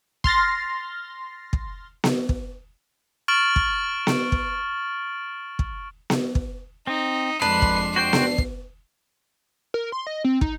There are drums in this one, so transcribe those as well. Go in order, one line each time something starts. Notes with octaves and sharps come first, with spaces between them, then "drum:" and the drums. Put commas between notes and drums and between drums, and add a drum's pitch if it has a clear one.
C6 F6 A6 A#6, drum: kick
drum: kick
drum: snare B3
drum: kick
C#6 F6 A6 D7 F#7
drum: kick
drum: snare B3
drum: kick
drum: kick
drum: snare B3
drum: kick
C4 D#4
F2 G#3 D4 B4 C7
drum: kick
F#4 C5 G5 C7
drum: snare B3
drum: kick
A#4
C6
D#5
C4
D#4, drum: kick